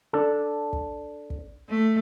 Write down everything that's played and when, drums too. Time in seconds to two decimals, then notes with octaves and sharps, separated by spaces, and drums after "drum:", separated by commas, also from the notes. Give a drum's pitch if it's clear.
0.13 D4 A4
0.73 drum: kick
1.30 drum: kick
1.68 A3